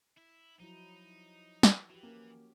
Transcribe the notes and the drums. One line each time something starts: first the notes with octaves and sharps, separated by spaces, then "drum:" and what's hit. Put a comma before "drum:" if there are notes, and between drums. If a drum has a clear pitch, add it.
E4
F3 F#3 D#4 E4
drum: snare
E3 F#4 G4
A#3 C#4